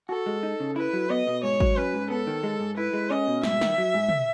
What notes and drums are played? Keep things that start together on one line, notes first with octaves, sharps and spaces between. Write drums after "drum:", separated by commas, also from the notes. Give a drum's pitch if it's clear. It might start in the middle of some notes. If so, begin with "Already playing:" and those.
F#4 A4
G#3
D#4
C#3
E4 B4
F#3
B3 D#5
B2
G#2 C#5
F#3, drum: kick G#1
C#4 B4
G#2
B3 A4
D#3
G#3
G#2
E4 B4
G#3
C#4 D#5
B2
G#2 E5, drum: snare
D#3, drum: snare
F#3
G#2
drum: tom